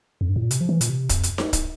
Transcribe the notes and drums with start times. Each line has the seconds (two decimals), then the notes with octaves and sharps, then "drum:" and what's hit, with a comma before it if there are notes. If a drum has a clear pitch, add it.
0.21 F2
0.29 G2
0.36 A2
0.42 A#2
0.51 C3, drum: hi-hat
0.61 F3
0.69 E3
0.81 A#2, drum: hi-hat
0.89 C3
1.09 F2, drum: kick, hi-hat
1.23 drum: hi-hat
1.38 drum: snare D#4
1.53 drum: kick, hi-hat